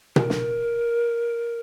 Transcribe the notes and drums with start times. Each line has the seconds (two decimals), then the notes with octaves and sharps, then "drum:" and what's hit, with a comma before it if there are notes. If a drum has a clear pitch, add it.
0.16 A#4, drum: tom B2
0.30 drum: snare